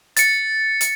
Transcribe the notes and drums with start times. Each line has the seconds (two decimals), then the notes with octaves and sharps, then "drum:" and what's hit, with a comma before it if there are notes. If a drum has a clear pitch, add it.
0.17 A6 C#7, drum: hi-hat
0.81 drum: hi-hat